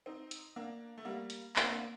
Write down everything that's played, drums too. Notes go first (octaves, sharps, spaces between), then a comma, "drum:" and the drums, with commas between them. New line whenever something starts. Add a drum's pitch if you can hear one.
C4 D#4
drum: hi-hat
A#3 D4
A3
G3 A#3
drum: hi-hat
A#3, drum: clap
C4
A#3 D4